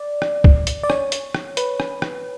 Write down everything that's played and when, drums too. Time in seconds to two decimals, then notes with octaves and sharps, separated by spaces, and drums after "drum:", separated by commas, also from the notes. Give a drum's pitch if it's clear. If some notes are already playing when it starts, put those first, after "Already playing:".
Already playing: D5
0.22 drum: rim click
0.44 drum: kick
0.67 drum: hi-hat
0.83 D5
0.90 C#5, drum: rim click
1.12 drum: hi-hat
1.35 drum: rim click
1.57 B4, drum: hi-hat
1.80 drum: rim click
2.02 drum: rim click